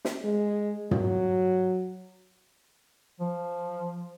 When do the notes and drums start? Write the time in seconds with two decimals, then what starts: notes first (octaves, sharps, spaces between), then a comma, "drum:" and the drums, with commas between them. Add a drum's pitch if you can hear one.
0.05 drum: snare
0.24 G#3
0.91 F#3, drum: tom
3.20 F3